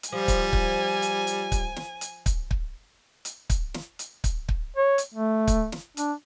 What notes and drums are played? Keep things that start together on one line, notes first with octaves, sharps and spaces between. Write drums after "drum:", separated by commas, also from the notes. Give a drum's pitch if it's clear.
drum: hi-hat
F3 G3 G#5
drum: kick, hi-hat
drum: kick
drum: hi-hat
drum: hi-hat
drum: kick, hi-hat
drum: snare
drum: hi-hat
drum: kick, hi-hat
drum: kick
drum: hi-hat
drum: kick, hi-hat
drum: snare
drum: hi-hat
drum: kick, hi-hat
drum: kick
C#5
drum: hi-hat
A3
drum: kick, hi-hat
drum: snare
D4, drum: hi-hat